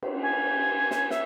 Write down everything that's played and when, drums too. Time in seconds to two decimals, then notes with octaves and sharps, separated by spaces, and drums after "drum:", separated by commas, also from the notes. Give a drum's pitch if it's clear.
0.02 drum: cymbal
0.22 G#5
0.91 drum: snare
1.10 E5, drum: snare